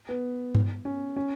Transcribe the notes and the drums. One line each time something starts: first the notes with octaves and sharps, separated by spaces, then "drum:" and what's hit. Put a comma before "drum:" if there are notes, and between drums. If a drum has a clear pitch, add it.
B3
drum: tom G2
C#4
C#4